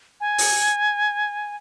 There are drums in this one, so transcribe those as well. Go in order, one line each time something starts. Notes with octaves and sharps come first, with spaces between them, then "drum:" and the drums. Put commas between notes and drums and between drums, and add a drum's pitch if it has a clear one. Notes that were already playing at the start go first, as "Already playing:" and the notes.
G#5
drum: open hi-hat